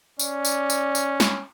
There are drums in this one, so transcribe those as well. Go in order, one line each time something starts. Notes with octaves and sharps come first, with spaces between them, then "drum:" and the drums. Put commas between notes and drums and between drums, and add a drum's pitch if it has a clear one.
C#4 D5, drum: tambourine
drum: tambourine
drum: tambourine
drum: tambourine
drum: snare